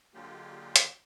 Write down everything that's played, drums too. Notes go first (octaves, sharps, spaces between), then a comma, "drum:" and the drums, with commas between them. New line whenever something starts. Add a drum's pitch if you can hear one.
D3 F#3 G#3 A#3 F4 G4
drum: hi-hat